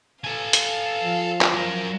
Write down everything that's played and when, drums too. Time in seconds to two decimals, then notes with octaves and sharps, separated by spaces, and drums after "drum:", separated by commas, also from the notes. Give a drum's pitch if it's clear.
0.25 A4 F5 G#5
0.53 drum: hi-hat
1.03 F3
1.41 drum: clap
1.54 F#3 A#4